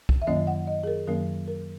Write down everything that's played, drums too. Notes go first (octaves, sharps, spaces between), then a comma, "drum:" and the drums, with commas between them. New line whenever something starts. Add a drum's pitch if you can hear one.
drum: kick
E5
F#2 D#3 F#3 A#3 C#4 D#5
F#5
D#5
G#4
A#4
F#2 D#3 F#3 A#3 C#4 A#4
A#4